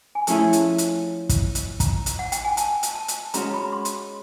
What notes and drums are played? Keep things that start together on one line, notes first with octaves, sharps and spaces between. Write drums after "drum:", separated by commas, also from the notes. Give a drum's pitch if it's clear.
G#5
F3 A3 C#4 E4 G#4 A5, drum: hi-hat
drum: hi-hat
drum: hi-hat
drum: kick, hi-hat
drum: hi-hat
A#5, drum: kick, hi-hat
drum: hi-hat
F#5
G5, drum: hi-hat
G#5
A5, drum: hi-hat
drum: hi-hat
A5
drum: hi-hat
G#3 C#4 F#4 A#5, drum: hi-hat
B5
C6
drum: hi-hat